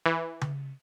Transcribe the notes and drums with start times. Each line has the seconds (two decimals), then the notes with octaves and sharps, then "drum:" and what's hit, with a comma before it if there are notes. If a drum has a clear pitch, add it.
0.06 E3
0.41 drum: tom C#3